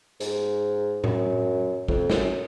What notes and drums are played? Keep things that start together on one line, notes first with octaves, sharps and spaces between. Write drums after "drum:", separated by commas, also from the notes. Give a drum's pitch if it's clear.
G#2, drum: hi-hat
F#2, drum: tom A2
F2, drum: kick
F#2, drum: snare